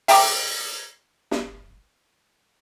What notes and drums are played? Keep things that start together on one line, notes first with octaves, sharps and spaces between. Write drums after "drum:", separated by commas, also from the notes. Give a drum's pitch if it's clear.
E5 G5 A5 A#5 D6, drum: open hi-hat
drum: snare